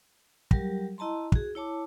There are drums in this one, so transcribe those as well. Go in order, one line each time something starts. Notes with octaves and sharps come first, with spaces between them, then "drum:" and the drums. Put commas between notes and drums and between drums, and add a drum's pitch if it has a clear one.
F#3 G3 G4 A#4, drum: kick
E4 D#5 A5 A#5 C6
F#4 G#4, drum: kick
E4 C#5 A5 D6